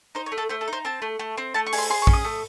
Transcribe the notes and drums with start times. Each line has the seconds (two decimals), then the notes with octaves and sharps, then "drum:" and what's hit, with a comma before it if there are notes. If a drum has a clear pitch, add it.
0.15 D#4 C5
0.26 C#5
0.32 A3
0.38 A4
0.49 A3 C5
0.61 A4
0.68 D#4 C5
0.85 C4 A5
1.02 A3
1.19 A3
1.38 C4
1.54 A3 A5
1.66 C#6
1.73 G#4, drum: open hi-hat
1.78 C6
1.90 G#4 C6
2.02 C#6
2.07 C#4, drum: kick
2.13 D#6
2.24 A3